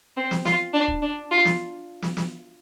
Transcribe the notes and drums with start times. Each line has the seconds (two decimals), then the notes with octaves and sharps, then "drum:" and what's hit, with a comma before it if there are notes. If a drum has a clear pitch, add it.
0.17 C4
0.31 drum: snare
0.45 F4, drum: snare
0.73 D4
0.88 drum: kick
1.02 D4
1.31 F4
1.45 drum: snare
2.02 drum: snare
2.17 drum: snare